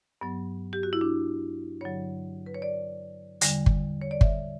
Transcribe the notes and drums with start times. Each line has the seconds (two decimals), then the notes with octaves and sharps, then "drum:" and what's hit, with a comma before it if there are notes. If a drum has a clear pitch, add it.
0.21 G2 F#3 B3
0.73 G4
0.83 F#4
0.93 E4
1.01 D4
1.81 G2 D3 F#3 C#5
2.46 B4
2.55 C#5
2.62 D5
3.41 E2 D3 G3, drum: hi-hat
3.66 drum: kick G1
4.02 C#5
4.11 D5
4.21 E5, drum: kick G1